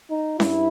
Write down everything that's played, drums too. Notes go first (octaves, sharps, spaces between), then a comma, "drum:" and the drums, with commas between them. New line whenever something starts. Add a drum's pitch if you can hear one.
D#4
G2 E4, drum: snare C#4